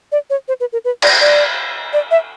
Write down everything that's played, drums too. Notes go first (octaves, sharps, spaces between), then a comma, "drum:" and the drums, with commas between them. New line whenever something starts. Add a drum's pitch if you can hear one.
D5
C#5
C5
B4
A#4
B4
D5, drum: cymbal
D5
D5
E5